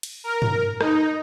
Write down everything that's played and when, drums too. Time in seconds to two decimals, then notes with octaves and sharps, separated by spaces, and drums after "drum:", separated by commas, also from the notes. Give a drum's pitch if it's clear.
0.03 drum: cymbal
0.24 A#4
0.42 drum: tom G2
0.81 D#4, drum: rim click